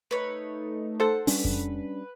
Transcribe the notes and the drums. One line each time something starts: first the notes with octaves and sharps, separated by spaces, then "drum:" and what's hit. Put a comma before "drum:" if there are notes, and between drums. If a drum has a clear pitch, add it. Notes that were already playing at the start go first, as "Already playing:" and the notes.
A3 D#4 B4 C#5
A4 C5 F#5
G3 C#4 D4 B4, drum: open hi-hat
drum: kick F2